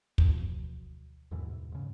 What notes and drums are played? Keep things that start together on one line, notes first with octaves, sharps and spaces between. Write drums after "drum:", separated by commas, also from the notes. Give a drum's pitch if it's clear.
D2 B2 E3 F3, drum: kick
D#2 G#2 B2 E3
G#2 C#3